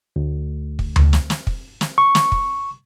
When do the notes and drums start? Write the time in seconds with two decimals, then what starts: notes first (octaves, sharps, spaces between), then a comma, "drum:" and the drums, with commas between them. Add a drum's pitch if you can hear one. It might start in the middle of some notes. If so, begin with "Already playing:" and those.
0.16 D2
0.79 drum: kick
0.96 drum: tom D2
1.13 drum: snare
1.30 drum: snare
1.47 drum: kick
1.81 drum: snare
1.98 C#6
2.15 drum: snare
2.32 drum: kick